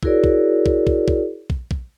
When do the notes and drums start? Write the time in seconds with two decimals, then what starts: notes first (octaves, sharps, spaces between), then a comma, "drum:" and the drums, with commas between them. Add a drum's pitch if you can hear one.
0.03 E4 F#4 G#4 A#4 C#5 D5, drum: kick
0.24 drum: kick
0.66 drum: kick
0.87 drum: kick
1.08 drum: kick
1.50 drum: kick
1.71 drum: kick